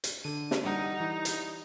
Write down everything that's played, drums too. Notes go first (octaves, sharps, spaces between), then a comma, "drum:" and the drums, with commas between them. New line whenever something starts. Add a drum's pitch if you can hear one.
drum: hi-hat
D3 D#7
drum: snare
G3 D#4 F#5 A#5
E3
drum: hi-hat